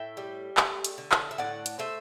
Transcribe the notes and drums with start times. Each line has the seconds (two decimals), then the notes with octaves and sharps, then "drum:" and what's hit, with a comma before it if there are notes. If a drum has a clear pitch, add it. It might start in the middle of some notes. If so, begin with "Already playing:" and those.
Already playing: A2 E5 G5
0.17 G3
0.57 A3, drum: clap
0.84 drum: hi-hat
0.98 D3
1.12 drum: clap
1.31 E5
1.38 A2 D5 F#5
1.66 drum: hi-hat
1.79 A3 C5 E5